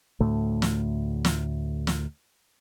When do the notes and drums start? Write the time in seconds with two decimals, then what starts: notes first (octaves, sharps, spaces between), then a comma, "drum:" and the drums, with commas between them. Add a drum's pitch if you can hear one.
0.20 D2 A2 A3
0.62 drum: snare
1.25 drum: snare
1.87 drum: snare